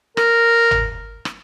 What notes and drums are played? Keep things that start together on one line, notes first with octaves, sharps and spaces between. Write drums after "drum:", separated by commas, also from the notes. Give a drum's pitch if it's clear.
A#4, drum: rim click
drum: tom
drum: rim click